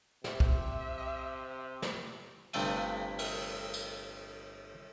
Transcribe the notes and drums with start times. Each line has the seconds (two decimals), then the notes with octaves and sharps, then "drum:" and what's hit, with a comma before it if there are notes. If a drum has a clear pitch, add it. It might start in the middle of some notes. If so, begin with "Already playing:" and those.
0.24 C3 E5, drum: snare
0.40 drum: kick
1.82 drum: snare
2.53 G1 G2 C3 A3 G5 G#5, drum: cymbal
3.18 drum: cymbal
3.74 drum: tambourine